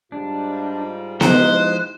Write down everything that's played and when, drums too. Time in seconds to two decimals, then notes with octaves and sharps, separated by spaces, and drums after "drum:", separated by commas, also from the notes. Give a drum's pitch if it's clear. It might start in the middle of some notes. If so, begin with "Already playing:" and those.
0.12 G#2 G3 D4 F4
1.21 C3 F3 G#3 D#4 E4 C5 F#6, drum: snare B3